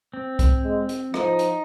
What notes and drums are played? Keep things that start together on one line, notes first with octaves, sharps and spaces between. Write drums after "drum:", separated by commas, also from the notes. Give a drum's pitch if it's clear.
C4
drum: kick C2, hi-hat
G#3
drum: hi-hat
F3 D#4, drum: rim click
drum: hi-hat